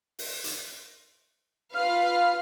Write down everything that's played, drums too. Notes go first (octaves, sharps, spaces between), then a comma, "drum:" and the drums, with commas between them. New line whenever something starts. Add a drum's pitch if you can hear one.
drum: open hi-hat
drum: hi-hat
F4 B4 F5 F6